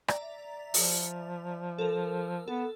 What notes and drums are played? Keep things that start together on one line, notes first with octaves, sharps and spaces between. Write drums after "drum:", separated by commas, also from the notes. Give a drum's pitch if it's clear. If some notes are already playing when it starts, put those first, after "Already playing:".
D5 E5 A#5, drum: rim click
F3, drum: open hi-hat
A4 A#4
B3 A4